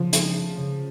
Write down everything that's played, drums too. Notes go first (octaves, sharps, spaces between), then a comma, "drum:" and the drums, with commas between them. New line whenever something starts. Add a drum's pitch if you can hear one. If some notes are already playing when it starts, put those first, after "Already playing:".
Already playing: C#3 F3 F4
G#3, drum: hi-hat
G#3
C#3